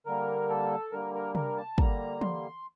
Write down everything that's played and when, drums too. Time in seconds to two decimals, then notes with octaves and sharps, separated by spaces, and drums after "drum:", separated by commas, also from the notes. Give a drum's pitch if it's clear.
0.06 D3 G3 A#3 A#4
0.50 A4
0.92 D3 G3 A#3 A#4
1.14 A#4
1.35 A#4, drum: tom C3
1.57 A5
1.78 D3 G3 A#3 A#5, drum: kick
2.21 C6, drum: tom E3